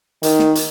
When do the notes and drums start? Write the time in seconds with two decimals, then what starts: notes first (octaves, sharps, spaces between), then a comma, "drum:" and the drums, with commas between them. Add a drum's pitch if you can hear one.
0.23 D#3, drum: hi-hat
0.39 drum: snare
0.55 drum: hi-hat